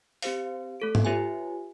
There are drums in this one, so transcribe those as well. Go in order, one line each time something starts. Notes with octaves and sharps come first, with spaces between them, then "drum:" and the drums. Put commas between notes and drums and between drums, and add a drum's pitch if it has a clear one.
C4 G4 C5 F5, drum: open hi-hat
A3 A4 D7
drum: tom
F4 G4 B4 C#5 E5 G#5